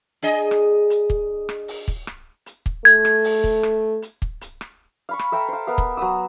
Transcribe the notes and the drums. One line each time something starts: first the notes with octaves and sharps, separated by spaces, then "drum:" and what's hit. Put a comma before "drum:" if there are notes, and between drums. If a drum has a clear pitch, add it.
D4 G#4 D#5
drum: rim click
drum: hi-hat
drum: kick
drum: rim click
drum: open hi-hat
drum: kick
drum: rim click
drum: hi-hat
drum: kick
A3 G#6, drum: hi-hat
drum: rim click
drum: open hi-hat
drum: kick
drum: rim click
drum: hi-hat
drum: kick
drum: hi-hat
drum: rim click
F5 B5 C#6
drum: rim click
A4 E5 G5 A#5
C5 F5
B3 A#4 E5 F5
drum: kick
F#3 B3 D#6 E6